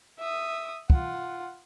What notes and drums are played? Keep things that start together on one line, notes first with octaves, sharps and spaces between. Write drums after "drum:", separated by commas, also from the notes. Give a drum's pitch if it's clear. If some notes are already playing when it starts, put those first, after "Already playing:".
E5 D#6
F4 F#5, drum: kick